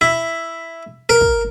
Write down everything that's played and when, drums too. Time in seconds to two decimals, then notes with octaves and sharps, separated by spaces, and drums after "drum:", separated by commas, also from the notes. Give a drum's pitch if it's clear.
0.01 E4
1.09 A#4
1.21 drum: kick